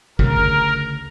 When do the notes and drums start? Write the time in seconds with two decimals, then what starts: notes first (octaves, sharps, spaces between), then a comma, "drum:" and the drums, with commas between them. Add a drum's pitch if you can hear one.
0.19 D2 C#3 A#4, drum: kick